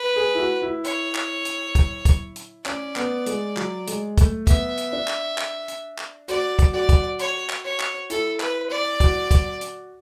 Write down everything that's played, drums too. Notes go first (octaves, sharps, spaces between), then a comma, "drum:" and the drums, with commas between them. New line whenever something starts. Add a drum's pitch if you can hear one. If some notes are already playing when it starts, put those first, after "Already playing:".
Already playing: B4
G#4
E4
F#4
E4
C#5, drum: hi-hat
drum: clap
drum: hi-hat
drum: kick, hi-hat
drum: kick, hi-hat
drum: hi-hat
C#4 D5, drum: clap
B3, drum: clap
G#3, drum: hi-hat
F#3, drum: clap
G#3, drum: hi-hat
A3, drum: kick, hi-hat
B3 E5, drum: kick, hi-hat
drum: hi-hat
D4
drum: clap
drum: clap
drum: hi-hat
drum: clap
F#4 D5, drum: hi-hat
drum: kick, hi-hat
F#4 D5
drum: kick, hi-hat
C#5, drum: hi-hat
drum: clap
C#5
drum: clap
E4 A4, drum: hi-hat
B4, drum: clap
D5
F#4, drum: kick, hi-hat
drum: kick, hi-hat
drum: hi-hat